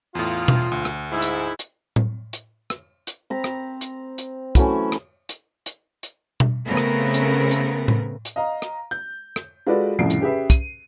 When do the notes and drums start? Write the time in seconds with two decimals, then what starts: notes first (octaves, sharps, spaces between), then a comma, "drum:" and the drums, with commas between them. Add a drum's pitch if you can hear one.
0.15 E2 A2 F4
0.48 drum: tom B2
0.72 D2
0.85 drum: rim click
1.11 G#2 E4
1.22 drum: hi-hat
1.59 drum: hi-hat
1.96 drum: tom A2
2.33 drum: hi-hat
2.70 drum: rim click
3.07 drum: hi-hat
3.30 C4 A#5 B5
3.44 drum: rim click
3.81 drum: hi-hat
4.18 drum: hi-hat
4.55 E3 F#3 A3 C#4, drum: kick, hi-hat
4.92 drum: rim click
5.29 drum: hi-hat
5.66 drum: hi-hat
6.03 drum: hi-hat
6.40 drum: tom B2
6.66 C#3 A3 B3 C4 A#4 B4
6.77 drum: rim click
7.14 drum: hi-hat
7.51 drum: hi-hat
7.88 drum: tom A2
8.25 drum: hi-hat
8.36 D#5 F5 A#5
8.62 drum: rim click
8.91 G6
9.36 drum: rim click
9.67 G#3 F4 F#4 A4 B4 D5
9.99 C2 F2 A2 C#3 C7 D7
10.10 drum: hi-hat
10.21 C#4 G4 G#4 B4 E5
10.50 D#7, drum: kick, hi-hat